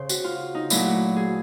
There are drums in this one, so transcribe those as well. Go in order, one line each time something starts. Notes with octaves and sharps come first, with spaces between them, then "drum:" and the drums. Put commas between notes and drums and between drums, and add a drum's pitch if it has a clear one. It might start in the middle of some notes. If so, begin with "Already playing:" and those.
Already playing: C#3 C5
F#4, drum: tambourine
F4
D#4
A#2 F#3 A3 E4, drum: tambourine
F#4
G#4